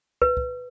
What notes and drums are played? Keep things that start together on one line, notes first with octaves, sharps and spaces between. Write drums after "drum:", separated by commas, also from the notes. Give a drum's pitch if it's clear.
B4, drum: kick
drum: kick